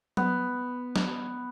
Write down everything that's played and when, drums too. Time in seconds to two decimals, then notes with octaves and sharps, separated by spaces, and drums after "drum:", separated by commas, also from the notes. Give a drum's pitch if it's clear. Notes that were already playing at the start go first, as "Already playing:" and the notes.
0.17 B3, drum: tom F#3
0.96 drum: snare